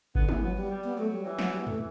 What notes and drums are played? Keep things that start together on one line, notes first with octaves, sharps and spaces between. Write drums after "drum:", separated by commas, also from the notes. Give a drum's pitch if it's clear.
D3 B3, drum: kick G1
E3, drum: tom
F#3 B3
G3
G3
B3
F#3 A3
G3
E3 G3
F#3, drum: snare
G3
B3
A3, drum: tom E2